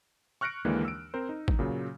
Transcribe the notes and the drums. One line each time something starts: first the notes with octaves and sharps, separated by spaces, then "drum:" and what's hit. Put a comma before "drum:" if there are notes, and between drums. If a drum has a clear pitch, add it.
C#6 F6 F#6 A#6 C#7 D7
D#2 D3 E3 G#3 A#3 D4
E6 D7
C4 A#4 C5
D#4
drum: kick
A#2 C#3 F#3